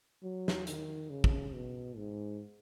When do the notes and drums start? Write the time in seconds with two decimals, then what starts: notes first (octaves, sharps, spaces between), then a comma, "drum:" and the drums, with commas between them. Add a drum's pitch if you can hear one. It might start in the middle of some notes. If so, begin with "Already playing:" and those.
0.23 F#3
0.48 drum: snare
0.67 D#3, drum: hi-hat
1.10 C#3
1.24 drum: kick
1.54 B2
1.97 G#2